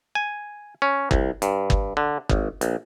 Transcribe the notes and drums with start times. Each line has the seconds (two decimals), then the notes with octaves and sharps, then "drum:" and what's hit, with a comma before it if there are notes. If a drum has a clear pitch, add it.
0.15 G#5
0.82 C#4
1.11 C2, drum: kick
1.42 G2, drum: hi-hat
1.70 drum: kick
1.97 D3
2.29 G#1, drum: kick
2.61 A#1, drum: hi-hat